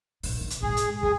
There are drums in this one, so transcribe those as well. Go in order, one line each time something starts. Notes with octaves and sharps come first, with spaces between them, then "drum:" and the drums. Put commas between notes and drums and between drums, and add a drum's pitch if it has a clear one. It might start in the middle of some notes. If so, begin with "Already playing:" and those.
A#1 D3, drum: open hi-hat
A#2
drum: hi-hat
G#2 G#3 G#4
drum: hi-hat
G#4, drum: kick